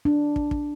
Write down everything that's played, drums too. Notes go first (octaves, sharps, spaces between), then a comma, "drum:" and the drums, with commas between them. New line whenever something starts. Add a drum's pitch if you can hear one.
D4
drum: kick
drum: kick